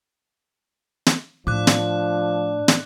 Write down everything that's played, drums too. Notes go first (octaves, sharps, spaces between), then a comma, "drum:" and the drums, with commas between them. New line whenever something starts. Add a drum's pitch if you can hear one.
drum: snare
A2 F3 D4 D6 F#6
drum: snare
drum: snare